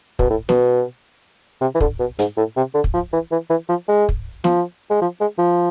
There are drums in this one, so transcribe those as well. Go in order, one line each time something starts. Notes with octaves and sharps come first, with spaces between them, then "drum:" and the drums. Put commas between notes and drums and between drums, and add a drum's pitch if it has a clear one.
B2, drum: kick
A2
B2, drum: snare
C3
E3
D3, drum: kick
B2
G#2, drum: hi-hat
A2
C3
D3
drum: kick
F3
E3
E3
E3
F3
G#3
drum: kick
F3, drum: snare
G#3
F3
G#3
F3